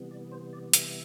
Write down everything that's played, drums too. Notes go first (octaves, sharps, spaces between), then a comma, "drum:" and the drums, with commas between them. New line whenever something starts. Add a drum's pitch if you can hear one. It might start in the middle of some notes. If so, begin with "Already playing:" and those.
Already playing: C3 E3 G3 B3
D5
C5
D5
E5, drum: hi-hat